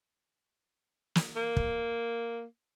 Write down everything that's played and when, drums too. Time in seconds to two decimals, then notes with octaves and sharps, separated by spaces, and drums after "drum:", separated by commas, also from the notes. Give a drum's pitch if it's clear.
1.15 drum: snare
1.36 A#3
1.57 drum: kick